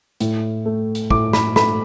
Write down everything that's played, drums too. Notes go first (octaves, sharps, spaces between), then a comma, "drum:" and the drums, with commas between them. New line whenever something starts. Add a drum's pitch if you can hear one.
A2, drum: hi-hat
A3
drum: hi-hat
A2 D6, drum: kick
B5, drum: snare
A3 B5, drum: snare